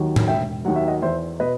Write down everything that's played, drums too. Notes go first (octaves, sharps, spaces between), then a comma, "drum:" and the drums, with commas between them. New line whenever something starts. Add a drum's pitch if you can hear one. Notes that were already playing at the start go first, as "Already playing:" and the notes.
Already playing: D#2 D#3 F#3
drum: tom A2
E1 E5 G5
D#2 D#3 F#3 F#5
E5
D#5 F#5
E2 C5 E5
B2 B4 D#5